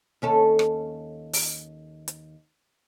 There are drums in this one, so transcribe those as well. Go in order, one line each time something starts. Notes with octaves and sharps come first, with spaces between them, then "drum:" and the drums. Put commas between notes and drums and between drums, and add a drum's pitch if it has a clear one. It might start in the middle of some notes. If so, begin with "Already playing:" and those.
D#2 C#4 A4
drum: rim click
drum: open hi-hat
drum: hi-hat